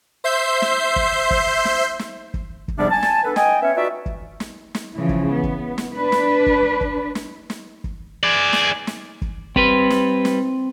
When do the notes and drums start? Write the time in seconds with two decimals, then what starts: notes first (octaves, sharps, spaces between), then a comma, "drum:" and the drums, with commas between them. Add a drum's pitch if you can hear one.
0.24 C5 E5 G6 C7
0.62 drum: snare
0.96 drum: kick
1.31 drum: kick
1.65 drum: snare
1.99 drum: snare
2.34 drum: kick
2.68 drum: kick
2.78 G#2 C3 F3 G3 B3 D4
2.91 G#5 A5
3.03 drum: snare
3.24 B3 D4 A4 B4
3.36 D#5 G5 G#5, drum: snare
3.62 B3 C#4 C#5 E5
3.75 D#4 F4 F#4 B4 D5 E5
4.06 drum: kick
4.40 drum: snare
4.75 drum: snare
4.96 C#3 E3 F3
5.09 drum: kick
5.34 B3
5.43 drum: kick
5.78 drum: snare
5.96 D4 B4
6.12 drum: snare
6.46 drum: kick
6.81 drum: kick
7.15 drum: snare
7.50 drum: snare
7.84 drum: kick
8.23 G#4 D5
8.53 drum: snare
8.87 drum: snare
9.22 drum: kick
9.56 G3 C4 B4 C6, drum: kick
9.90 drum: snare
10.25 drum: snare